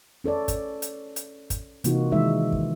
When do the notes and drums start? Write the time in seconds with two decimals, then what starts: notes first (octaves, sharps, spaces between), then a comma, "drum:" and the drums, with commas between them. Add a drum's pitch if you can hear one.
0.24 C#4 A4 C#5 D5
0.48 drum: kick, hi-hat
0.82 drum: hi-hat
1.16 drum: hi-hat
1.50 drum: kick, hi-hat
1.84 C3 E3 A#3 D#4 F4 F#4, drum: hi-hat
2.12 D#3 E3 G#3 D#4 E5
2.52 drum: kick